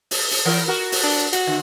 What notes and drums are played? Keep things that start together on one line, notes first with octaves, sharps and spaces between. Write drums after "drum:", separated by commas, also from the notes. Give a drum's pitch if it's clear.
drum: open hi-hat
drum: open hi-hat
E3 A#4
F#4 A#4
drum: open hi-hat
D4
F#4, drum: hi-hat
D3